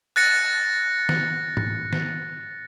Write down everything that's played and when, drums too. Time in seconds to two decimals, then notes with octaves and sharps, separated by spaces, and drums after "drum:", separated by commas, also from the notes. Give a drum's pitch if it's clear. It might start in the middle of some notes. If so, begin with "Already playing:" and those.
0.16 F#6 A6 A#6 C#7, drum: cymbal
1.09 drum: snare
1.57 drum: tom
1.93 drum: snare